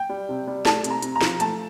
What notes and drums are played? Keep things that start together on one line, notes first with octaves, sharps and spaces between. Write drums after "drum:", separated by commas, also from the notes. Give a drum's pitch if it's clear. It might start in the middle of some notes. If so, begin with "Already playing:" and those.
Already playing: G5
G3
C3
G3
A3 A5, drum: snare
C3, drum: hi-hat
A#5
C3, drum: hi-hat
A#5
F3, drum: snare
A3 A5, drum: hi-hat